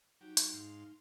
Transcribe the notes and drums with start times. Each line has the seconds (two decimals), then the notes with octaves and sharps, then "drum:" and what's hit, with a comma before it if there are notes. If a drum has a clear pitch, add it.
0.21 F#3 D#4 G4
0.37 drum: hi-hat
0.53 G#2 F5 C6